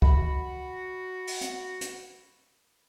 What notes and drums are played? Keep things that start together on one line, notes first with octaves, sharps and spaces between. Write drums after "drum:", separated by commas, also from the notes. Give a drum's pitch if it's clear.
F#4 B5, drum: kick
drum: open hi-hat
drum: hi-hat
drum: hi-hat